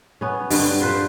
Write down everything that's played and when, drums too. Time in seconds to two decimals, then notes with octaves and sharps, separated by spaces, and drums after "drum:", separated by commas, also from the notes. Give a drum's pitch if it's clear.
0.21 B3 C#4
0.50 G2 D3 B3 C4, drum: open hi-hat
0.81 F4 B4 C5